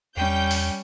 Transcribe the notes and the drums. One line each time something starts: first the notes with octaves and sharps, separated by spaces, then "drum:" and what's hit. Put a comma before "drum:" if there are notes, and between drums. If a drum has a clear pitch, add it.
E2 G3 C#4 G5 G6
drum: open hi-hat